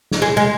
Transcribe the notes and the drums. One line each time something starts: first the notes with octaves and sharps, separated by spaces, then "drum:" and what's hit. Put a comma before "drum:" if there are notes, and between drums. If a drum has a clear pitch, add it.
drum: snare
G#3
G#3